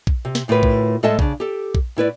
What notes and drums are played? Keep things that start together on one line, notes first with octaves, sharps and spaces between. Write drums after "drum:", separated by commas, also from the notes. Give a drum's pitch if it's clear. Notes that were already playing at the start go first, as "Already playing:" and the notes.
drum: kick A#1
C3
drum: snare
D2 A2 F4 A#4 B4
drum: kick A#1
A2 G#3 A4 D#5 E5 A5
C#3 D4, drum: kick A#1
G4 A4
drum: kick A#1
A2 E4 B4 D5